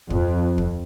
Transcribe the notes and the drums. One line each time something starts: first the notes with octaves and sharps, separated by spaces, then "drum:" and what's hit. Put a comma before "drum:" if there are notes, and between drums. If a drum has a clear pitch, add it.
F2, drum: kick
drum: kick